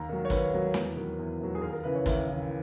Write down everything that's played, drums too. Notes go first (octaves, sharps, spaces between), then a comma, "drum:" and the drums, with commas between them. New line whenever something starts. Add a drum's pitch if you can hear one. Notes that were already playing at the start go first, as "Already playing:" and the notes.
Already playing: D#2 A#5
D#3 F#3
C#5
D#2 B4, drum: kick, hi-hat
D#3 F#3
E2, drum: snare
D#3 F#3
E2
D#3 F#3
G#4
D#2 A#4
A#4
C#3 E3 B4
C#5
D#2 E5, drum: kick, hi-hat
C#3 E3